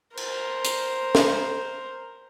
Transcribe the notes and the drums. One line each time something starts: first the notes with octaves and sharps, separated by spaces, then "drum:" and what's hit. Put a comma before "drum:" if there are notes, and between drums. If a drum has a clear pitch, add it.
A#4 C5, drum: cymbal
drum: hi-hat
drum: snare